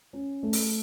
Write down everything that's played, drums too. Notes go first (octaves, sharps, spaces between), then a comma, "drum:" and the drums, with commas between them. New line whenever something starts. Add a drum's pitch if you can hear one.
C#4
A3
drum: open hi-hat